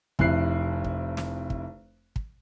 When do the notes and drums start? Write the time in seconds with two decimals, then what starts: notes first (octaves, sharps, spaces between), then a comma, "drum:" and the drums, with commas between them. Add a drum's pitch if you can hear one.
0.19 F1 F2 E4 F#6 C7, drum: kick
0.84 drum: kick
1.17 drum: snare
1.50 drum: kick
2.16 drum: kick